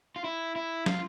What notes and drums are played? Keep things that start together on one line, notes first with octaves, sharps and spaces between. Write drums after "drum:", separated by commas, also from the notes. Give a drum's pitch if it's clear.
F4
E4
E4
F4, drum: snare